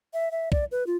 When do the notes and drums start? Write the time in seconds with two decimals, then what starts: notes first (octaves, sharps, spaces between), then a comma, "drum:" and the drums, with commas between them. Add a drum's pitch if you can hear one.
0.14 E5
0.32 E5
0.52 D5, drum: kick
0.72 B4
0.87 F4